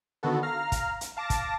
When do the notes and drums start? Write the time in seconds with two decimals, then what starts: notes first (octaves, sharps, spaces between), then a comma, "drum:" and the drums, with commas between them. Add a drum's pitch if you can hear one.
0.23 D3 D#3 B3 F#4 A4
0.43 F5 A#5 F6
0.72 drum: kick, hi-hat
1.01 drum: hi-hat
1.17 F5 A5 D6 A#6
1.30 drum: kick, hi-hat